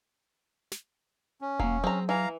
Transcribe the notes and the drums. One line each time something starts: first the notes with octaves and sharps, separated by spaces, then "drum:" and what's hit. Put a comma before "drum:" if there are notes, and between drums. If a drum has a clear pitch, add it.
drum: snare
C#4
F#3 A#3 F5, drum: kick E1
F#3 C4 G#4 A#5
E3 F5 A#5